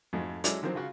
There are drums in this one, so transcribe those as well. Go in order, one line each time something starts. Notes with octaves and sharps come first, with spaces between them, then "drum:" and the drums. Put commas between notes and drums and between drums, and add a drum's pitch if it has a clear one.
F2 G#2 A3 F#4
F#3 G#3 C#4 E4 A4 D5, drum: hi-hat
D3 D#3 F3 F#3 C4
C#3 F4 F#4